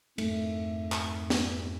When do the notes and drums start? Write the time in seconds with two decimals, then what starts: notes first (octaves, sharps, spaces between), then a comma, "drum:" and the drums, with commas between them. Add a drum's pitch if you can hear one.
0.18 F2 G#2 A3, drum: cymbal
0.92 drum: clap
1.30 drum: snare